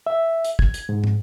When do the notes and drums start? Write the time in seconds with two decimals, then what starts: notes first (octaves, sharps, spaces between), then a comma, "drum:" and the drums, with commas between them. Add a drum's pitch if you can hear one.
0.07 E5
0.45 drum: hi-hat
0.59 G#6, drum: kick
0.74 drum: hi-hat
0.89 G#2
1.04 drum: tom